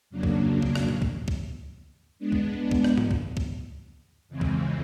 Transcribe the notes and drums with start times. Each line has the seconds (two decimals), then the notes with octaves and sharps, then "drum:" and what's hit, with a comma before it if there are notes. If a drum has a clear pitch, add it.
0.10 F2 C#3 F#3 A#3 D4
0.23 drum: kick
0.62 drum: kick
0.75 drum: rim click
0.89 drum: tom A2
1.02 drum: kick
1.28 drum: kick
2.19 G#3 B3 D4
2.32 drum: kick
2.71 drum: kick
2.84 drum: rim click
2.98 drum: tom
3.11 drum: kick
3.37 drum: kick
4.28 F2 C#3 E3 G#3 C4
4.41 drum: kick